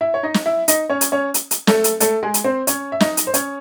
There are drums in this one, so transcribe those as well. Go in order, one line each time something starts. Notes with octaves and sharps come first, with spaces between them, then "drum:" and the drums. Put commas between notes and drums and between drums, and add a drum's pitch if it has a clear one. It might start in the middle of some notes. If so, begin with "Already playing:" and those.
E4 E5
C#5
D#4 D#5
drum: snare
E4 E5
D#4 D#5, drum: hi-hat
C#4 C#5
drum: hi-hat
C#4 C#5
drum: hi-hat
drum: hi-hat
A3 A4, drum: snare
drum: hi-hat
A3 A4, drum: hi-hat
G#3 G#4
drum: hi-hat
C4 C5
C#4 C#5, drum: hi-hat
E5
D#4 D#5, drum: snare
drum: hi-hat
C5
C#4 C#5, drum: hi-hat